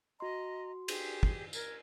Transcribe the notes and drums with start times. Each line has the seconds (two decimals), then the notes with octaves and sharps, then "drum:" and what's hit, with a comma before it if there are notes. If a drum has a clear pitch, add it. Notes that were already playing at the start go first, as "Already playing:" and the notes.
0.20 F#4 D#5 A#5 C6
0.88 G4 G#4, drum: cymbal
1.23 drum: kick
1.53 A#4 G#6, drum: tambourine